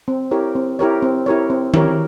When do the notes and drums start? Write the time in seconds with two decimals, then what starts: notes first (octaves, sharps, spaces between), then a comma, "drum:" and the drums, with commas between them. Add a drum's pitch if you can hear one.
0.08 C4
0.31 E4 G4 A#4 C#5
0.55 C4
0.79 E4 G4 A#4 C#5
1.02 C4
1.26 E4 G4 A#4 C#5
1.50 C4
1.74 E4 G4 A#4 C#5, drum: tom D#3